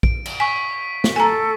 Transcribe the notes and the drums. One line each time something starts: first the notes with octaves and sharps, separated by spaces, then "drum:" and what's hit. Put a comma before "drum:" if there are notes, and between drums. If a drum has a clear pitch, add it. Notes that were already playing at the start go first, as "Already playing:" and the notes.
D7, drum: kick A#1
drum: cymbal
G#5 C#6 B6
drum: snare
A4 G#5 A#5